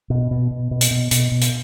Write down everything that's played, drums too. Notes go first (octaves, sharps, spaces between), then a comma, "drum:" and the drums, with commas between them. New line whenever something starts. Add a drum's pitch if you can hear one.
B2
B2
B2
B2
drum: hi-hat
B2
B2, drum: hi-hat
B2
drum: hi-hat